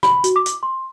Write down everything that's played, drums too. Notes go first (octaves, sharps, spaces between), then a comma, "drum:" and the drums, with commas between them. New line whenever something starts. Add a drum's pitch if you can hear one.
B5, drum: rim click
F#4, drum: hi-hat
D6
drum: hi-hat
C6